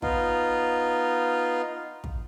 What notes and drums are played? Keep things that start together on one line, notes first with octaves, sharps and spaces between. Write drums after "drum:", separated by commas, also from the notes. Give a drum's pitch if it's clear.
B3 D#4 F4, drum: kick
drum: kick